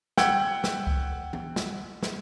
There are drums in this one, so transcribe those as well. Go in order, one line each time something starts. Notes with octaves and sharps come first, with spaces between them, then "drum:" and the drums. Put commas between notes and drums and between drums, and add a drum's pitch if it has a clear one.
F#5 G5 E6 G#6, drum: snare
drum: snare
drum: kick C#2
drum: tom E3
drum: snare
drum: snare